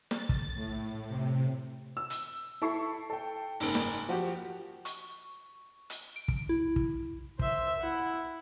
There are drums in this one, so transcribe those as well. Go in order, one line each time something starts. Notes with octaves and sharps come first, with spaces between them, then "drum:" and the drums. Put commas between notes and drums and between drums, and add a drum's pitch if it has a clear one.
A6, drum: snare
drum: kick
A2
C3
E6
drum: hi-hat
E4 A4 C#6 C7
A4 G5
F#1 G#2, drum: open hi-hat
drum: snare
F3 F#4 G4
C#6, drum: hi-hat
drum: hi-hat
D7
drum: kick
E4
drum: kick
C5 E5, drum: kick
E4 F#5